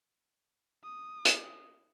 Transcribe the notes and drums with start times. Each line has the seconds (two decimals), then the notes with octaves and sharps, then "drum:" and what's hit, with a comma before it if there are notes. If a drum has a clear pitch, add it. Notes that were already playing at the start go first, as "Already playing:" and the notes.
0.84 D#6
1.25 drum: hi-hat